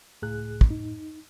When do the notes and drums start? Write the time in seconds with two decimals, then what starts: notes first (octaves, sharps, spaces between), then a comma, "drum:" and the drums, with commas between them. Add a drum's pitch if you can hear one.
0.22 C#2 A2 G#4 F#6
0.61 drum: kick
0.70 D#4